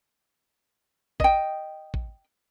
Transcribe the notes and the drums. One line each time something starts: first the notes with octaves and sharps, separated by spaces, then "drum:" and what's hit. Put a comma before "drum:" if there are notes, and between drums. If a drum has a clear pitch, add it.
D#5 G5, drum: kick
drum: kick